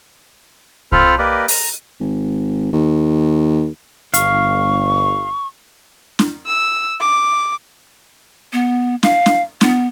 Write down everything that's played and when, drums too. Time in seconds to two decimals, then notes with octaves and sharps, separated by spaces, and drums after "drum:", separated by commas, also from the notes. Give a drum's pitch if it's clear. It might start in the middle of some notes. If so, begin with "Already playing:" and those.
0.92 C4 F4 A4 C5 B5 F6, drum: kick C2
1.18 A#3 G4 A#4 B4 D5 D#5
1.48 A#5, drum: open hi-hat
2.01 G#1
2.73 D#2
4.14 G1 F5 C#6, drum: hi-hat
6.19 drum: snare
6.46 E6
7.00 D6
8.53 B3
9.03 F5, drum: snare
9.26 drum: snare
9.61 B3, drum: snare